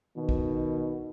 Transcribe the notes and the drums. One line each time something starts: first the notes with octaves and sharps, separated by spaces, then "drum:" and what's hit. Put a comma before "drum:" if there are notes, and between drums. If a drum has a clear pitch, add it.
B2 D#3
drum: kick A#1